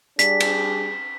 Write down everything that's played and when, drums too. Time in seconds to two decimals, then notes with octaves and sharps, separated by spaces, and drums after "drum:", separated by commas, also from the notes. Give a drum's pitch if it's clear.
0.19 G3 D4 G#4 B6, drum: hi-hat
0.40 drum: cymbal